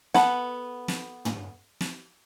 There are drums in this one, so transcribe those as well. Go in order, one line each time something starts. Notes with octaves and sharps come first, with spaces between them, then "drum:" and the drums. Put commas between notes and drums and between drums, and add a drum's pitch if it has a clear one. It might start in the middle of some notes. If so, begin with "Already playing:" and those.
B3 A4 B4 F#5, drum: snare
drum: snare
drum: tom
drum: snare